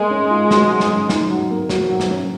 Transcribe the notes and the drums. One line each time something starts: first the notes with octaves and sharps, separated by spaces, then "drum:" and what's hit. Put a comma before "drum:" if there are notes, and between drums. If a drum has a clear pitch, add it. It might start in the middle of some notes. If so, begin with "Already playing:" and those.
Already playing: G#3 A#3
C#4
F4
F#4, drum: snare
F#3
drum: snare
C#4
D#4, drum: snare
F#3
A#3
F#4, drum: snare
F#3
drum: snare
C#4